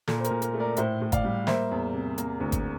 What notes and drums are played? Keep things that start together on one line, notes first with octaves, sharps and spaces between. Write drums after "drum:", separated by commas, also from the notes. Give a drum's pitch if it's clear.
A#2 A4, drum: snare
C5
A#4, drum: hi-hat
A#2
A#4, drum: hi-hat
A3
A#4 D5
A2 C5 E5, drum: hi-hat
A2
D5 F5, drum: kick, hi-hat
G3
A#3 C5 E5, drum: snare
E2
C3
A#3, drum: hi-hat
D2
drum: kick, hi-hat